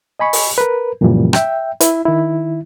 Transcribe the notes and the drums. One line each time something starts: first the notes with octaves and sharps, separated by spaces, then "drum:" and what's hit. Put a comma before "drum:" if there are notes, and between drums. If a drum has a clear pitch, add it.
D#5 G#5 B5 C#6
drum: open hi-hat
A#4 B4
F#2 A#2 C#3 E3 F3 G3
E5 G5, drum: rim click
E4, drum: hi-hat
D#3 E4